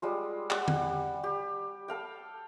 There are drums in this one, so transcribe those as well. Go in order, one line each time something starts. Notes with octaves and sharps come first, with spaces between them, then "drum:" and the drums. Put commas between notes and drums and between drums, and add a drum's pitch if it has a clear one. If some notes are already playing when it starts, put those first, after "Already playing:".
G3 G#3 F4
G3 F#5, drum: clap
drum: tom D3
G4
A4 F5 G5